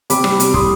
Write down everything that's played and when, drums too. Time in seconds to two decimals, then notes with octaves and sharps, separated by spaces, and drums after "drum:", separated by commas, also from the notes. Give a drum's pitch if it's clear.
0.10 C3 B5 D6, drum: hi-hat
0.24 G3, drum: rim click
0.40 C3, drum: hi-hat
0.54 G3 C6 D#6, drum: kick